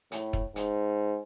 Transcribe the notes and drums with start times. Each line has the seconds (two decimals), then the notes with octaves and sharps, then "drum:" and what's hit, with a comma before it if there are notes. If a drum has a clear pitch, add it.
0.12 A2, drum: hi-hat
0.33 drum: kick
0.56 G#2, drum: hi-hat